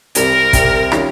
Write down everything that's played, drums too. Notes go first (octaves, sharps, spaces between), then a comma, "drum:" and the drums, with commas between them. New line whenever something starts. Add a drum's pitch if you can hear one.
C2 C3 G3 C4 A#4, drum: hi-hat
C2 C3 G3 C4, drum: kick, hi-hat
D#3 G3 C#4 F4, drum: rim click